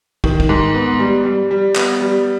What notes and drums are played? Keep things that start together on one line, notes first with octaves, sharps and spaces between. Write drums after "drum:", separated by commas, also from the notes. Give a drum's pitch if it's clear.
D#3, drum: kick
drum: kick
G#2
B3
G3
G3
G3
B3, drum: clap
G3